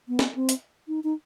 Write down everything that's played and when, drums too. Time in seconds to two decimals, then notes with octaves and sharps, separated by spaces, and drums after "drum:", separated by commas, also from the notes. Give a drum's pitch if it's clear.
0.08 B3
0.19 drum: snare
0.35 C4
0.49 drum: hi-hat
0.88 D#4
1.04 D#4